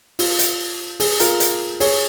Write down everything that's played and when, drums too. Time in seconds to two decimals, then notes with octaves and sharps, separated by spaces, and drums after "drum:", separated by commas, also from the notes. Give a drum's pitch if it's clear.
0.19 F4, drum: open hi-hat
0.39 drum: hi-hat
1.00 G#4, drum: open hi-hat
1.20 F4 A#4, drum: hi-hat
1.40 drum: hi-hat
1.80 G#4 C#5, drum: open hi-hat